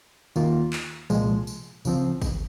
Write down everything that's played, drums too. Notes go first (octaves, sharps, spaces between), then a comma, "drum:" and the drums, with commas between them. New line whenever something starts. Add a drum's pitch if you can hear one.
D#2 D#3 A#3 F4, drum: tambourine
drum: clap
C2 A#2 F3 G#3, drum: tambourine
drum: tambourine
C#2 C#3 F3 C4, drum: tambourine
drum: kick, tambourine